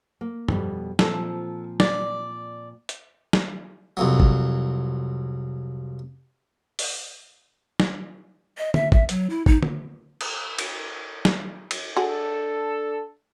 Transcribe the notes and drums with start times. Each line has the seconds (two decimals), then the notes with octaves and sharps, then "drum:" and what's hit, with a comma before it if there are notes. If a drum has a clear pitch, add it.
0.21 A#3
0.48 F2 B2 G3, drum: tom G2
0.99 A#2 F3 C4 A4, drum: snare
1.80 D5, drum: snare
2.89 drum: hi-hat
3.33 drum: snare
3.97 C2 F2 F#3
4.20 drum: kick
6.79 drum: open hi-hat
7.80 drum: snare
8.58 D#5
8.74 E5, drum: tom D3
8.92 E5, drum: kick
9.09 F#3, drum: hi-hat
9.30 E4
9.46 D#4, drum: kick
9.63 drum: tom D3
10.21 drum: cymbal
10.59 drum: cymbal
11.25 drum: snare
11.71 drum: cymbal
11.96 D4 F#4 G#4 A4